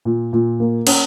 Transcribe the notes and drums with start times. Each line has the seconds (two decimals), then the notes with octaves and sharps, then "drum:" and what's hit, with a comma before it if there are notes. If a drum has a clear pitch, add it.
0.05 A#2
0.33 A#2
0.60 A#3
0.87 C#4, drum: cymbal